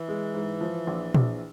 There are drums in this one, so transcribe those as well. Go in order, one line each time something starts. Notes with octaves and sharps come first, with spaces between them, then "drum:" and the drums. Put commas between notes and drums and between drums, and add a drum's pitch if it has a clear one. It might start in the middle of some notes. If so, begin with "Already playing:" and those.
Already playing: E3
G#3
G#2
F3
A#1
A#1, drum: tom A#2